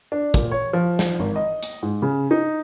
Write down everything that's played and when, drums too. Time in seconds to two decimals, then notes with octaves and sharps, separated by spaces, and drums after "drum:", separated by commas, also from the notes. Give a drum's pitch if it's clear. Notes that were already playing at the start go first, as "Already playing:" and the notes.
0.12 D4
0.34 A#2, drum: kick, hi-hat
0.51 C#5
0.73 F3
0.99 drum: snare
1.19 G#1
1.36 D#5
1.63 drum: hi-hat
1.82 G#2
2.02 C#3
2.31 D#4